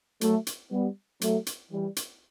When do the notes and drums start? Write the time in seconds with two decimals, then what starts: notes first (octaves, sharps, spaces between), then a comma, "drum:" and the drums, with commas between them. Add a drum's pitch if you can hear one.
0.21 F#3 A3, drum: hi-hat
0.47 drum: hi-hat
0.71 G3 B3
1.21 F#3 A3, drum: hi-hat
1.46 drum: hi-hat
1.71 E3 G3
1.96 drum: hi-hat